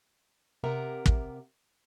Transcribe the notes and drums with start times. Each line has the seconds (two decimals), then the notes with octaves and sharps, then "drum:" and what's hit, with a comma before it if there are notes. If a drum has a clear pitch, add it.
0.64 C3 G4 A#4 E5 F#5 A#5
1.06 drum: kick